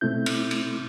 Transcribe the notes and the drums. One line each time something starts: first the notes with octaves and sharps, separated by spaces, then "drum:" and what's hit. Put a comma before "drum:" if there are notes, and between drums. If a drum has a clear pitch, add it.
B2 A3 C4 E4 G6
drum: cymbal
drum: cymbal